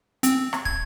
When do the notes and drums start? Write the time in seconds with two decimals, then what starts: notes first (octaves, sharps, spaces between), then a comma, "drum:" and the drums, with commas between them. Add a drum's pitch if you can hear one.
0.23 C4, drum: hi-hat
0.53 drum: rim click
0.65 G#6, drum: kick